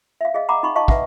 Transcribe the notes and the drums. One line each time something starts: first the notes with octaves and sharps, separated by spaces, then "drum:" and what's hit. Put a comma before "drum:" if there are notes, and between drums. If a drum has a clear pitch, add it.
E5 F5
G#4 D#5 F5
F#5 A#5 B5 D6
D#4 B5 C#6
D#5 F5 A5 C#6
B4 E5 F#5, drum: kick